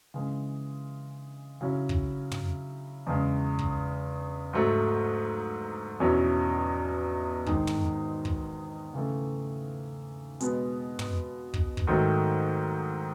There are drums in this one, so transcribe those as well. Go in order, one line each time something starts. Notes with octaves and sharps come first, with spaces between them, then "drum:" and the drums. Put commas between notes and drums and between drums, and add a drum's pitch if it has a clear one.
C#3 E3 G#3
C#3 F#3 C#4 E4
drum: kick
drum: tom
E2 C#3 G#3
drum: kick
G#2 F#3 A3
E2 B2 F#3 C#4 E4
G#2 D#3 G#3 D#4, drum: kick
drum: tom
drum: kick
C#3 E3 A3
B2 G#3 B3, drum: hi-hat
drum: tom
drum: kick
drum: kick
G#2 D#3 F#3 A3